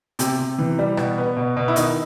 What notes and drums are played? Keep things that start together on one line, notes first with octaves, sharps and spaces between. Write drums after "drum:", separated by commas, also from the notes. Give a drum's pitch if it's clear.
C3 G4, drum: hi-hat
C3
E3
G3
B2, drum: rim click
B3
B2
B2
E4
D#3 D#4, drum: hi-hat